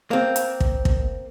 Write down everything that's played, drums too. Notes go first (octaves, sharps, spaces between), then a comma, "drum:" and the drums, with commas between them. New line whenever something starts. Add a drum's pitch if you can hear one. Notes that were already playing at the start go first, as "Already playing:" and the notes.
A#3 C4
drum: hi-hat
drum: kick
drum: kick